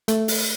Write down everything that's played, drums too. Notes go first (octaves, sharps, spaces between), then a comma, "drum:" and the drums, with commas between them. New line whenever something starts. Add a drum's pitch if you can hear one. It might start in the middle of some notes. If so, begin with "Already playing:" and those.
A3, drum: hi-hat
drum: open hi-hat